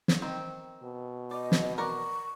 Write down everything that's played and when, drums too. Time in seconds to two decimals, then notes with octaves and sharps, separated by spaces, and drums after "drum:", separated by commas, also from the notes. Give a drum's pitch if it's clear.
0.08 drum: snare
0.22 D#3 C4
0.83 B2
1.31 D5 D#5
1.52 drum: snare
1.78 A#4 D5 F#5 C#6